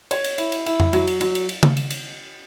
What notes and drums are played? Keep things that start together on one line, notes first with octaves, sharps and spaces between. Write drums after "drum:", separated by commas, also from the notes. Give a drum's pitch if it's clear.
C#5, drum: cymbal
drum: cymbal
E4, drum: cymbal
drum: cymbal
E4, drum: cymbal
drum: tom F2
F#3, drum: cymbal
drum: cymbal
F#3, drum: cymbal
drum: cymbal
drum: cymbal
drum: tom C#3
drum: cymbal
drum: cymbal